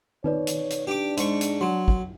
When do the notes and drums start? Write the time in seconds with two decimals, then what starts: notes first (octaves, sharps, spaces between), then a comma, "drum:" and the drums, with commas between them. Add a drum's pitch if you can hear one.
0.24 D#4 B4 C#5 D5, drum: tom D#3
0.47 drum: hi-hat
0.70 drum: hi-hat
0.87 D4 G4 D6
1.17 G#2 C#6, drum: hi-hat
1.41 drum: hi-hat
1.61 F#3 C6
1.88 drum: kick